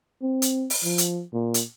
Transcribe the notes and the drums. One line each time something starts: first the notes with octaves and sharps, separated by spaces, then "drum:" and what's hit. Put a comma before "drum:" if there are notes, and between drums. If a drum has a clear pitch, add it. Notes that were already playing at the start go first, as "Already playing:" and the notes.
C4
drum: hi-hat
drum: open hi-hat
F3
drum: hi-hat
A#2
drum: hi-hat